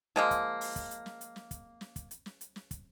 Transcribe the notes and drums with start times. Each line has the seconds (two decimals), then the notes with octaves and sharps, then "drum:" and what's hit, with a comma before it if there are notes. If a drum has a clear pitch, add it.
0.16 F3 G#3 A#3, drum: snare
0.31 drum: kick, hi-hat
0.61 drum: open hi-hat
0.76 drum: kick, hi-hat
0.91 drum: hi-hat
1.06 drum: snare
1.21 drum: hi-hat
1.36 drum: snare
1.51 drum: kick, hi-hat
1.81 drum: snare
1.96 drum: kick, hi-hat
2.11 drum: hi-hat
2.26 drum: snare
2.41 drum: hi-hat
2.56 drum: snare
2.71 drum: kick, hi-hat